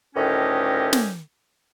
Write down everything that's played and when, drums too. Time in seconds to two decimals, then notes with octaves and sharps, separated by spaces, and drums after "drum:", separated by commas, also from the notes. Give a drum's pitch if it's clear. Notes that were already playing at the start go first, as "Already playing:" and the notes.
0.15 D2 A2 D#3 C#4 G4 D#5
0.93 drum: snare